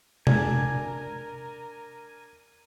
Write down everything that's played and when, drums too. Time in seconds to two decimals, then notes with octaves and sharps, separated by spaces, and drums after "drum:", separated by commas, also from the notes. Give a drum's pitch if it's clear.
0.27 D4 A#4 G#5, drum: tom C3